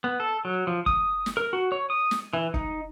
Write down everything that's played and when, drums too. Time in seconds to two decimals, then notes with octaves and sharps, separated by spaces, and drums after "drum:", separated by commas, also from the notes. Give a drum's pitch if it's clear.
0.04 B3
0.20 A4
0.45 F#3
0.67 F3
0.86 D#6, drum: kick
1.26 drum: snare
1.37 A#4
1.53 F#4
1.72 C#5
1.90 D#6
2.11 drum: snare
2.34 E3
2.54 D#4, drum: kick